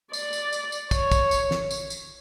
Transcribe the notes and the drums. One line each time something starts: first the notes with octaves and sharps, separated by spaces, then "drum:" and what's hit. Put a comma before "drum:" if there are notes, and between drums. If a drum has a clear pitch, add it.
D5, drum: tambourine
drum: tambourine
drum: tambourine
drum: tambourine
C#5, drum: kick, tambourine
drum: kick, tambourine
drum: tambourine
drum: snare
drum: tambourine
drum: tambourine